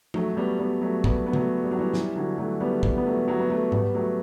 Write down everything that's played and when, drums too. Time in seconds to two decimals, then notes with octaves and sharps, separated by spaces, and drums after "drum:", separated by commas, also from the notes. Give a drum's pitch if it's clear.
0.14 F#3 A3, drum: tom F3
0.33 A3
0.37 G3 B3
0.59 G3 B3
0.81 F#3 A3
1.04 G3 B3, drum: kick
1.27 B3
1.33 F#3 A3, drum: tom C#3
1.64 G3
1.71 F#3
1.79 E3 G3
1.93 E3 G3, drum: snare
2.16 D3 F#3
2.38 F#3 A3
2.61 G3 B3
2.83 drum: kick
2.98 B3
3.05 F#3 A3
3.27 F#3 A3
3.39 B3
3.50 F#3 A3
3.72 G3 B3, drum: tom G#2
3.95 F#3 A3